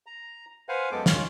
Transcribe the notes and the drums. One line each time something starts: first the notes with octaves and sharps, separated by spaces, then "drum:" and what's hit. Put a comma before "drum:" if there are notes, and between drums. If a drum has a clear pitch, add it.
A#5
B4 C5 F5 F#5 G#5
F#2 G#3 B3 A4 D6
D#3 C#4 F4, drum: snare